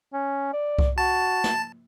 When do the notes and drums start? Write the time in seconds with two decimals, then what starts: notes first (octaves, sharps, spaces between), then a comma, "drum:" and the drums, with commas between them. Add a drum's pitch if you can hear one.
0.13 C#4
0.53 D5
0.79 drum: kick C2
0.98 F#4 A5
1.44 drum: snare